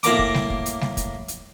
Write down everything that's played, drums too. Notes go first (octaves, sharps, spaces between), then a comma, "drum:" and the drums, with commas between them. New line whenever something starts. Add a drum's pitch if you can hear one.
A2 A#3 A#5 D6, drum: hi-hat
drum: kick
drum: snare
drum: kick
drum: hi-hat
drum: snare
drum: kick, hi-hat
drum: hi-hat